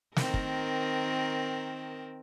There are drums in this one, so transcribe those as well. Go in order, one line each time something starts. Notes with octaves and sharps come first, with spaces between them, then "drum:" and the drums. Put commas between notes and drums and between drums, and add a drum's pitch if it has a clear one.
D#3 C4 A#4, drum: snare
drum: kick